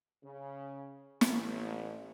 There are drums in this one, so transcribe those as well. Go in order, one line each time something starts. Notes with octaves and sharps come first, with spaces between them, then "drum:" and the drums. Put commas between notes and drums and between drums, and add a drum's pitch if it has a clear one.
C#3
A1, drum: snare